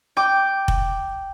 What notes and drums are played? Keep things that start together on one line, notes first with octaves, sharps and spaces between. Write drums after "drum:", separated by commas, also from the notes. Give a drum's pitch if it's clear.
G5 D6
drum: kick F1